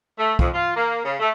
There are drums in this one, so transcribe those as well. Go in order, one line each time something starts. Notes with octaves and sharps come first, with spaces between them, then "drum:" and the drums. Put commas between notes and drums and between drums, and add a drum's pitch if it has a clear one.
A3
F2, drum: kick
F4
A#3
C#3
A3